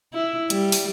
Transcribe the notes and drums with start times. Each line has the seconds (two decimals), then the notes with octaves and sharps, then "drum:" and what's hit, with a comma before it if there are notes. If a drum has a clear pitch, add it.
0.13 E4
0.50 G3, drum: hi-hat
0.72 drum: open hi-hat